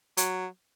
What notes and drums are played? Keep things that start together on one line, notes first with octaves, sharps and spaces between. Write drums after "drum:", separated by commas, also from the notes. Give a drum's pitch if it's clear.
F#3, drum: hi-hat